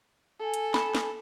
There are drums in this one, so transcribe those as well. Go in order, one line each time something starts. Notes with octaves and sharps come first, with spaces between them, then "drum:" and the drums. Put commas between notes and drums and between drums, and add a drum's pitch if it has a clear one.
A4 G#5
drum: hi-hat
B5, drum: snare
drum: snare